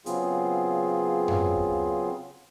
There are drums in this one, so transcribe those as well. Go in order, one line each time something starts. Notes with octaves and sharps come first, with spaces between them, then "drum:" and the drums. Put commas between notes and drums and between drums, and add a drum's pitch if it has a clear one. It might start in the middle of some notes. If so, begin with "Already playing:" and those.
C#3 F#3 B3 C4 F4 G#4, drum: hi-hat
drum: tom F#2
drum: kick D2